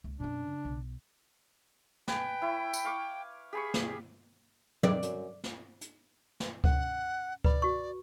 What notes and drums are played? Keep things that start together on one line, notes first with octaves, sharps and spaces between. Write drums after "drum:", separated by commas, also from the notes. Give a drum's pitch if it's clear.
C#2
F#2 B2 C#4 D4
C#3
B1
B4 G5 G#5, drum: snare
E4 C#5
drum: tambourine
F5 C#6 D6
G4 G#4 B5 C#6
drum: snare
D#3 D5, drum: tom
F#2, drum: hi-hat
drum: snare
drum: hi-hat
drum: snare
C#4 F#5, drum: kick C#2
B4 D5 B5, drum: kick C#2
F#4 C#6